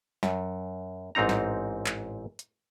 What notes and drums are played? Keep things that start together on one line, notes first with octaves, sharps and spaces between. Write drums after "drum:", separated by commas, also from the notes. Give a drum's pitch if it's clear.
F#2, drum: snare
A1 G#2 C4 D#4 A#5
drum: snare
drum: clap
drum: hi-hat